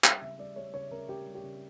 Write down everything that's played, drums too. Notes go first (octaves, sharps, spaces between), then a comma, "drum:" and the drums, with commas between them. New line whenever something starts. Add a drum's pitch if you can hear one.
G3 E5, drum: clap
C#3 E5
G3 D5
G3 C#5
C#3 C#5
C#3 A#4
C#3 G4
G3
G4
C#3